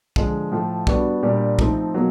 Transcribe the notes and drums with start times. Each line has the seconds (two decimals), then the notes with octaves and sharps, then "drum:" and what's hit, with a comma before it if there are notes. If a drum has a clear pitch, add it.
0.16 D3 F3 G#3, drum: kick
0.51 A2 F3 A3
0.87 G3 B3 D4 F#4, drum: kick
1.23 A#2 G3 A#3 D4 G4
1.59 F3 A3 C4 D#4, drum: kick
1.94 B2 F#3 A#3